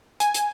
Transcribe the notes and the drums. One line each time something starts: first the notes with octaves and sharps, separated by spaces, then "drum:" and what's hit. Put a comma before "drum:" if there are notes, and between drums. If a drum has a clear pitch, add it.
G#5, drum: hi-hat
drum: hi-hat